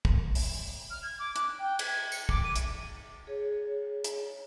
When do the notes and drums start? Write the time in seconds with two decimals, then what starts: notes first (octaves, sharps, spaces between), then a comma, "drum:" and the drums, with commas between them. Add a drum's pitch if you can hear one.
0.05 drum: kick
0.35 drum: open hi-hat
0.90 F6
1.03 G#6
1.19 D6
1.36 F#6, drum: hi-hat
1.59 G5
1.79 G#6, drum: cymbal
2.12 C#7, drum: tambourine
2.29 D6, drum: kick
2.44 D#7
2.56 drum: hi-hat
3.27 G#4 C#5
4.04 drum: hi-hat